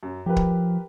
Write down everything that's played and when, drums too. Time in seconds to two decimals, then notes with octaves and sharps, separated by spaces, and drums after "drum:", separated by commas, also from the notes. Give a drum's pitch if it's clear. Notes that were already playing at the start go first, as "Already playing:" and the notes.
0.03 F#2
0.26 F3 G4 A#4 B4
0.36 drum: kick